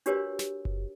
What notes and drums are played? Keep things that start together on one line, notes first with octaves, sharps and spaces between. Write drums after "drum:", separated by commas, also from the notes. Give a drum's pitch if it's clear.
D4 F#4 G4 A#4 B4 C#5, drum: hi-hat
drum: snare
drum: kick F#1